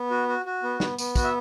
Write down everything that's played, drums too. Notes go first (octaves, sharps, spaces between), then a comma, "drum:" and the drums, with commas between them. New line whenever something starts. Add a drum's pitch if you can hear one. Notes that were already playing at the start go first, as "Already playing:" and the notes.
Already playing: B3
F#4
F#4
F#4
B3
B3, drum: snare
B3, drum: tambourine
F#4, drum: kick, tambourine
E5